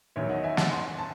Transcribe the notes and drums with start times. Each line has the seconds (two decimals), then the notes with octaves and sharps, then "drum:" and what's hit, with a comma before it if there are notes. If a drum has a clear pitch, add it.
0.16 E2 D#3 F#3 C#5 E5
0.29 D#5 F#5
0.44 E5 G#5
0.57 F#5 A5, drum: snare
0.71 G#5 C6
0.99 A5